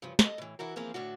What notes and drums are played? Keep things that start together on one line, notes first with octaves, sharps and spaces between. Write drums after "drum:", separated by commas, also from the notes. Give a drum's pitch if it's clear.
G2 C#3 F3
A4 A#4 D#5, drum: snare
A2 E3
E3 E4 F#4 A#4
E3 F3 A#3 C4 G#4
D2 A2 D4 F#4